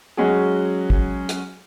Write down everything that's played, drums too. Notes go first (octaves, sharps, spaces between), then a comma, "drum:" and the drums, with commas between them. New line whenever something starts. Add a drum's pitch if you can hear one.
F#3 G#3 C#4 F#4 G#4
drum: kick
drum: hi-hat